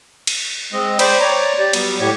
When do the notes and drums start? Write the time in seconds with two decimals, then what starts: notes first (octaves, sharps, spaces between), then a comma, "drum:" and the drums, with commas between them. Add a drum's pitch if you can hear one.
0.27 drum: cymbal
0.73 G#3 C4 D#5
0.99 C5 D5 G5 B5, drum: cymbal
1.20 C#5 D5 A#5
1.59 G4 D5
1.73 F#3 G3 B3, drum: cymbal
2.00 A2 G4 C#5 C#6